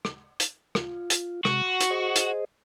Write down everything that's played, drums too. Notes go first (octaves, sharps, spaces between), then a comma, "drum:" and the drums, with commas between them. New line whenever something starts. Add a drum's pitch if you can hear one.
drum: rim click
drum: hi-hat
F4, drum: rim click
drum: hi-hat
C3 G#3 F#4, drum: rim click
C6
drum: hi-hat
G#4 C5 D#5
drum: hi-hat